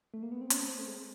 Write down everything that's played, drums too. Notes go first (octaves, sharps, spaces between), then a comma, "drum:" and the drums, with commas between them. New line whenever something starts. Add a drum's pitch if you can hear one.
A3
A#3
B3
C4
C#4, drum: hi-hat
C4
A3
G#3